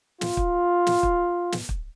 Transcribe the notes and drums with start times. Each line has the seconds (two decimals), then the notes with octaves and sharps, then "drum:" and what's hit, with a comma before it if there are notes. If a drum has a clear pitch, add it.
0.21 F4, drum: snare
0.37 drum: kick
0.87 drum: snare
1.03 drum: kick
1.52 drum: snare
1.69 drum: kick